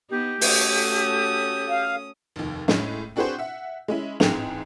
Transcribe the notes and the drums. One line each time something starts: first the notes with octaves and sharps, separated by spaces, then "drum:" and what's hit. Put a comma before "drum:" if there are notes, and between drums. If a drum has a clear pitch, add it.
B3 D#4 G4
A3 C#4 F#4 A4 D#6, drum: open hi-hat
F5
F1 D#2
A2 G#3 C#4, drum: snare
C4 D4 F#4 G#4 B4 C5
E5 F#5
G#3 C#4 E4
A1 G#2 C4 G#4 F7, drum: snare